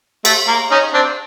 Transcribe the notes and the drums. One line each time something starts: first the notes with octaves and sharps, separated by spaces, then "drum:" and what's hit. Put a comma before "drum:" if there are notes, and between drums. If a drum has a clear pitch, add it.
A3, drum: cymbal
A#3
C#4 D#4
C4 D4